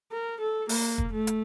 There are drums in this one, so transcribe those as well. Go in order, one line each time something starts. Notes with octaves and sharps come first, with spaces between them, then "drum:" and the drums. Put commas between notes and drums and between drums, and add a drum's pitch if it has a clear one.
A#4
A4
A#3, drum: open hi-hat
drum: kick
A3
drum: hi-hat